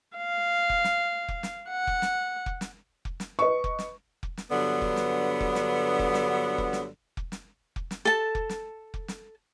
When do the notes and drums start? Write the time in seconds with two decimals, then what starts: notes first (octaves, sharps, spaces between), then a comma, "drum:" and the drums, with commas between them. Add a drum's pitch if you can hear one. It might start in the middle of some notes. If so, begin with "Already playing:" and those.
0.17 F5
0.70 drum: kick F1
0.84 drum: snare
1.28 drum: kick F1
1.43 drum: snare
1.70 F#5
1.87 drum: kick F1
2.02 drum: snare
2.46 drum: kick F1
2.61 drum: snare
3.05 drum: kick F1
3.20 drum: snare
3.39 B4 D#5 C#6
3.64 drum: kick F1
3.79 drum: snare
4.23 drum: kick F1
4.37 drum: snare
4.51 G2 D3 F#3 B3
4.82 drum: kick F1
4.96 drum: snare
5.40 drum: kick F1
5.55 drum: snare
5.99 drum: kick F1
6.14 drum: snare
6.58 drum: kick F1
6.73 drum: snare
7.17 drum: kick F1
7.32 drum: snare
7.76 drum: kick F1
7.91 drum: snare
8.05 A4 A5
8.35 drum: kick F1
8.50 drum: snare
8.94 drum: kick F1
9.08 drum: snare